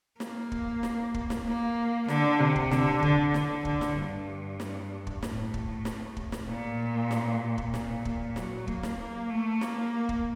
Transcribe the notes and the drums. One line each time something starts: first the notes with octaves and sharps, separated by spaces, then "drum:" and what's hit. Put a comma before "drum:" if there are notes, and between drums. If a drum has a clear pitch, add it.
A#3, drum: snare
drum: kick
drum: snare
drum: kick
drum: snare
A#3
D3, drum: snare
C3
drum: kick
D3, drum: snare
D3, drum: kick
D3, drum: snare
D3, drum: kick
drum: snare
G2
drum: snare
drum: kick
A2, drum: snare
drum: kick
drum: snare
drum: kick
drum: snare
A#2
drum: snare
drum: kick
A#2, drum: snare
A#2, drum: kick
F#3, drum: snare
A#3, drum: kick
drum: snare
A#3
A3
A#3, drum: snare
drum: kick